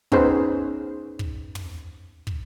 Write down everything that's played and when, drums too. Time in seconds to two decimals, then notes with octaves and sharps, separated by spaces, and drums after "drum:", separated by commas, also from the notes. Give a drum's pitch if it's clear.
0.12 B3 C#4 D#4 G#4 B4 C5, drum: kick
1.19 drum: kick
1.55 drum: tom
2.27 drum: kick